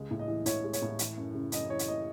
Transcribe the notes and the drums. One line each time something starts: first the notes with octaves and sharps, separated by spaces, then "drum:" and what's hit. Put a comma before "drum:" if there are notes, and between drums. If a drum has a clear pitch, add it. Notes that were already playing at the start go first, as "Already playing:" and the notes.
Already playing: C#2 G#3
A2
D#5
E3
A2 C#5, drum: hi-hat
G#3
C#5, drum: hi-hat
A2
E3, drum: hi-hat
F#2
C#3
F#2 D#5, drum: hi-hat
E3 C#5
drum: hi-hat
D#5